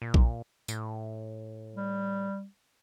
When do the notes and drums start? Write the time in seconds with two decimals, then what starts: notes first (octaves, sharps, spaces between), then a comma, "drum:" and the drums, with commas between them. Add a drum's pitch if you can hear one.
0.02 A#2
0.14 drum: kick A#1
0.68 A2, drum: tambourine
1.76 G3